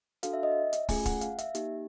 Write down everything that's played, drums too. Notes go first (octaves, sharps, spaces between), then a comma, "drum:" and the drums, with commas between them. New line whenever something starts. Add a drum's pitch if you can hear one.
D4 F#4 A4 F5, drum: hi-hat
E5
D#5
E5
drum: hi-hat
A3 C#4 F4 G#4 G#5, drum: kick, open hi-hat
F#5, drum: kick, hi-hat
F5, drum: hi-hat
E5, drum: hi-hat
A#3 D#4 G4, drum: hi-hat